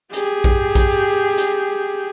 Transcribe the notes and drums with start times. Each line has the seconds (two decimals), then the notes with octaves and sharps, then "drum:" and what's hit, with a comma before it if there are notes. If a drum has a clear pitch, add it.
0.13 G4 G#4, drum: hi-hat
0.44 drum: kick A#1
0.75 drum: kick A#1, hi-hat
1.37 drum: hi-hat